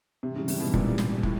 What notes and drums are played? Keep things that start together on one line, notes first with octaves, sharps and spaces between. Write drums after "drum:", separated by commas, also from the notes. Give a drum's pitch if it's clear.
G#2 C3 E3 G3
C#3
C3, drum: open hi-hat
B2
A#2, drum: kick
drum: snare
A2, drum: kick